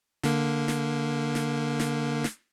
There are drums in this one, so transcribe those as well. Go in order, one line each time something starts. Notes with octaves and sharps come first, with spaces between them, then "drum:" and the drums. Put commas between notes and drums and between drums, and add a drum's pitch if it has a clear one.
D3 A#3, drum: snare
drum: snare
drum: snare
drum: snare
drum: snare